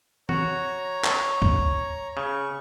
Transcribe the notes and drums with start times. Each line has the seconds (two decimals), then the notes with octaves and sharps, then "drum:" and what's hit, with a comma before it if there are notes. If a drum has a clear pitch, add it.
0.29 F#4 C#5 A#5, drum: tom
1.04 drum: clap
1.42 drum: kick
2.17 C#3 C#6